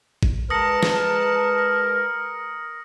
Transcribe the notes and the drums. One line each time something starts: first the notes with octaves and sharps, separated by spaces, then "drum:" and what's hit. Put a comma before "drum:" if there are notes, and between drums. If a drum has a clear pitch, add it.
drum: kick
G#3 A#4 B4 A5 D#6 A#6 C#7
drum: snare